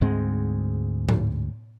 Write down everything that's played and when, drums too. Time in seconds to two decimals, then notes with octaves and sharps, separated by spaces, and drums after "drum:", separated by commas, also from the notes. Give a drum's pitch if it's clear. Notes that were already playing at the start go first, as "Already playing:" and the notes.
0.01 D2 G#2 G#3 C4
1.09 drum: tom A2